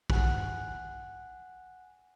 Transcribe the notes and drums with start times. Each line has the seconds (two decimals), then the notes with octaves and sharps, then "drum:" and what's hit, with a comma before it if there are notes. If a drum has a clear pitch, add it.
0.10 F#5 G#5 F#6, drum: kick